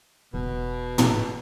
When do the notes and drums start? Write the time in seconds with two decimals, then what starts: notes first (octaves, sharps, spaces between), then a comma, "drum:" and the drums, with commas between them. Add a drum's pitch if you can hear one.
0.34 E1 B2
0.98 drum: tom